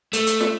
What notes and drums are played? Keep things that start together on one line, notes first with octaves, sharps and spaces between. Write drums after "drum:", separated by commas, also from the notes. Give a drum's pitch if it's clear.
A3, drum: hi-hat
drum: hi-hat
drum: snare